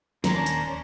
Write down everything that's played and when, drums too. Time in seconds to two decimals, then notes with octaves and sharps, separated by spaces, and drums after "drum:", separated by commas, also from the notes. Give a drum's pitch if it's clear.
0.24 D#1 D#3 A#3 C#4 D4 C5 A#5, drum: snare
0.46 drum: hi-hat